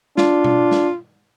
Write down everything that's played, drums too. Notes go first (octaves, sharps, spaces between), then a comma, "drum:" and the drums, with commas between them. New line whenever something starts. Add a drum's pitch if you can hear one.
D4 F4, drum: snare
drum: tom B2
drum: snare